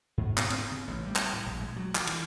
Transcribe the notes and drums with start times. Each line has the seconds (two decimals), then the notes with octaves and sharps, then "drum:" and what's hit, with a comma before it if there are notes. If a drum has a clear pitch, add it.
0.18 G#2
0.37 B3, drum: clap
0.50 C4, drum: cymbal
0.72 C#3
0.88 A1
1.06 G3
1.16 drum: clap
1.33 A2
1.46 A#1
1.61 G#3
1.76 F#3
1.95 F3, drum: clap
2.07 E3, drum: cymbal